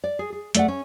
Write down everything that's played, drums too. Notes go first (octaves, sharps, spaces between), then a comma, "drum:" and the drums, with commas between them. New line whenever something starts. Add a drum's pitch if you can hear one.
D5
G#4
G#4
A3 D5 F#5, drum: hi-hat
C#4